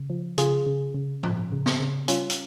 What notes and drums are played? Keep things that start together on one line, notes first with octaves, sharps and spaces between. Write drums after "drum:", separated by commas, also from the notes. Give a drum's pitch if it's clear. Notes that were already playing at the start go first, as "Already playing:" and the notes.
Already playing: C#3
F3
C#3 F4 G#4, drum: hi-hat
C#3
C#3
F3, drum: tom A2
C#3
drum: snare
C#3
G3 C#4 F4, drum: hi-hat
drum: hi-hat